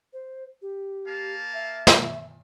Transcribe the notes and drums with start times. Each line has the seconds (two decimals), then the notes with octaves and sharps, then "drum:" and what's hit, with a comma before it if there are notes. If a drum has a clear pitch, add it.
0.13 C5
0.62 G4
1.06 A#3 F5 A5
1.54 E5
1.87 drum: snare